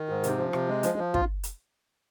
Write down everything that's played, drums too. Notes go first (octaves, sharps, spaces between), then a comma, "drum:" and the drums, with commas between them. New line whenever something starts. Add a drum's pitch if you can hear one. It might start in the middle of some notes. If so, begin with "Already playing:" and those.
Already playing: D#3
G#2
C3, drum: hi-hat
F3
C3, drum: rim click
G#3
F3, drum: hi-hat
F3
F4, drum: kick
drum: hi-hat